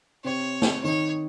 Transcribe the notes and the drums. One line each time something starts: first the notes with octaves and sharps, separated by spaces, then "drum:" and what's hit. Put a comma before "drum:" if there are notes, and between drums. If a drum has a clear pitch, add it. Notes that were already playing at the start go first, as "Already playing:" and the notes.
C3 C4 C#5
drum: snare
D#3 D#4 C#5